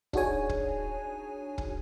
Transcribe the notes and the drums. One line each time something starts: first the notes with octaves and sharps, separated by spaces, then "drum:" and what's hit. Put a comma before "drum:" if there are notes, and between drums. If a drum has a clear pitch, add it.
D4 D#4 F#4 G#4 C#5 G#5, drum: kick
drum: kick
drum: kick